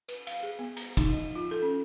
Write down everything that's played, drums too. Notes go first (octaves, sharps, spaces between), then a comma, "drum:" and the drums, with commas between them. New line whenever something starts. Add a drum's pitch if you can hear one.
B4, drum: cymbal
F5, drum: cymbal
G#4
B3
A#5, drum: cymbal
D#4, drum: kick, cymbal
F3
F4
A4
C#4